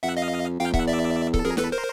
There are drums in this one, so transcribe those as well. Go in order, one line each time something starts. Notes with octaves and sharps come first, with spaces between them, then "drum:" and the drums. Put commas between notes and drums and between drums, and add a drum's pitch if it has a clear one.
F2 E5 F#5
D#5 F5
F2 F5 G5
E2 E5 F#5, drum: kick C#1
D5 E5
A4, drum: kick C#1
F2 G#4 A#4
E2 A4 B4, drum: snare
A#4 C5